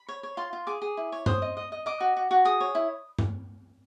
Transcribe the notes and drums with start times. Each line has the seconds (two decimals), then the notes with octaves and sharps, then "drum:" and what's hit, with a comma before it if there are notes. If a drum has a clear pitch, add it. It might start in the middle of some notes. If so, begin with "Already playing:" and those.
Already playing: B5
0.08 C#5
0.23 C#5
0.37 F4 C6
0.53 F4
0.67 G#4 D6
0.82 G#4
0.97 E4
1.12 C#5
1.26 C5 D#6, drum: tom G2
1.42 D#5
1.57 D#5
1.72 D#5
1.86 D#5 D6
2.00 F#4
2.17 F#4
2.31 F#4
2.45 G#4 D#6
2.61 C#5
2.75 E4
3.19 drum: tom G2